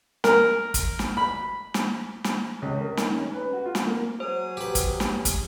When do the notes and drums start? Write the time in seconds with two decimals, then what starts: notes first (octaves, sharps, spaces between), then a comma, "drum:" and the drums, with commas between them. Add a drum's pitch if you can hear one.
0.24 A#4, drum: snare
0.74 drum: kick, hi-hat
0.99 drum: snare
1.17 B5
1.74 drum: snare
2.24 drum: snare
2.62 C#2
2.80 A#4
2.97 D#3, drum: snare
3.13 C#4
3.33 B4
3.53 F#4
3.65 F4
3.75 drum: snare
3.86 A#3
4.20 F#3 G#4 C5 D#6
4.57 G4 B4
4.75 drum: kick, hi-hat
5.00 drum: snare
5.25 drum: kick, hi-hat